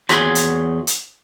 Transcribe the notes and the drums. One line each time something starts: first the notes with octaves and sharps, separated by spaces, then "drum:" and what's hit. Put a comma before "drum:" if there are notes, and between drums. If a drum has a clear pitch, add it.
E2 F#4 G#4 C#5 G#5 C6, drum: rim click
drum: hi-hat
drum: hi-hat